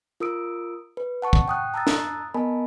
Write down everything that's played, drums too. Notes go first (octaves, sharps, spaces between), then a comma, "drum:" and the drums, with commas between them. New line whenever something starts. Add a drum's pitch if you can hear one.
F4 A#4 D#6 E6 D7
B4
F#5 A5 C#6
drum: kick
G5 D#6 F#6
A5 A#5 D#6 E6 F#6 A6
drum: snare
B3 A#4 D#5 G#5 A5 B5